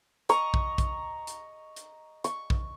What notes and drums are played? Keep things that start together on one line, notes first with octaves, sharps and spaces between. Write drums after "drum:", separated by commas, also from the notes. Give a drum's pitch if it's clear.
D#5 A#5 C#6, drum: hi-hat
drum: kick A#1
drum: kick A#1, hi-hat
drum: hi-hat
drum: hi-hat
C#6, drum: hi-hat
drum: kick A#1